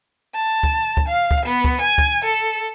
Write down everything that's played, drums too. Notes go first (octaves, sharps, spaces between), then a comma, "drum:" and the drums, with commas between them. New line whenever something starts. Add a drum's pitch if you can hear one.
A5
drum: kick
drum: kick
F5
drum: kick
B3
drum: kick
G#5
drum: kick
A4